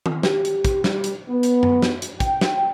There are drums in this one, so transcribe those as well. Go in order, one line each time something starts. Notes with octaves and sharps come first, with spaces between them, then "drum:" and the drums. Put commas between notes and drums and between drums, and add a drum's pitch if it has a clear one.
drum: tom D#3
G4, drum: snare
drum: hi-hat
drum: kick, hi-hat
G3, drum: snare
drum: hi-hat
B3
drum: hi-hat
drum: tom F#2
drum: snare
drum: hi-hat
G5, drum: kick, hi-hat
drum: snare